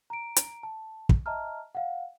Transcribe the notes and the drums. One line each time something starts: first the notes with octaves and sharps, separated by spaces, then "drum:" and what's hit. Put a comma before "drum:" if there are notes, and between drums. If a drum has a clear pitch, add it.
A#5 D7
drum: hi-hat
A5
drum: kick
D#5 E5 A5 A#5 F6
F5 F#5